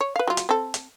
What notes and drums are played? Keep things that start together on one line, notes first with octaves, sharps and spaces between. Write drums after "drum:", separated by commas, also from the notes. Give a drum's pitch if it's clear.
C#5
B4 F5
F#3 F4
drum: hi-hat
C4 A4
drum: hi-hat